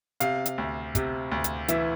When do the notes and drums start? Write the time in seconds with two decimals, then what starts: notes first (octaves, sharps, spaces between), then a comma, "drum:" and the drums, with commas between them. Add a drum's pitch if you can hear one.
0.20 C3 F5, drum: hi-hat
0.46 drum: hi-hat
0.58 D2
0.95 C3, drum: kick, hi-hat
1.31 D2
1.44 drum: hi-hat
1.68 E3 E5, drum: hi-hat